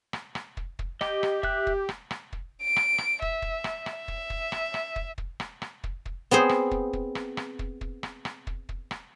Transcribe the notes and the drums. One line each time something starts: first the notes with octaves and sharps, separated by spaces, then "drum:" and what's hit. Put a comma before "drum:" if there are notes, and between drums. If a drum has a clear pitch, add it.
drum: rim click
drum: rim click
drum: kick
drum: kick
G4 D#5, drum: rim click
drum: rim click
E5 F#6, drum: kick
drum: kick
drum: rim click
drum: rim click
drum: kick
D7
drum: rim click
drum: rim click
E5, drum: kick
drum: kick
drum: rim click
drum: rim click
E5
drum: kick
drum: kick
drum: rim click
drum: rim click
drum: kick
drum: kick
drum: rim click
drum: rim click
drum: kick
drum: kick
B3 C4 G#4 C5
drum: rim click
drum: kick
drum: kick
drum: rim click
drum: rim click
drum: kick
drum: kick
drum: rim click
drum: rim click
drum: kick
drum: kick
drum: rim click